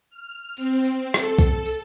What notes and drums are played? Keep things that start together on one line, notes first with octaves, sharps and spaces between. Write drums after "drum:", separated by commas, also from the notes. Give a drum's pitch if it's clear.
F6
C4, drum: tambourine
drum: tambourine
A4, drum: rim click
drum: kick B1, tambourine
drum: tambourine